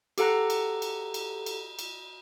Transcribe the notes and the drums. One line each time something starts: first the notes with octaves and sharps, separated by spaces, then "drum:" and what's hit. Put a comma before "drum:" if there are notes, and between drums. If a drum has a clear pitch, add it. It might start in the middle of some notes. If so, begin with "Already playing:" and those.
G4 A4 F#5 A#5 F#6, drum: cymbal
drum: cymbal
drum: cymbal
drum: cymbal
drum: cymbal
drum: cymbal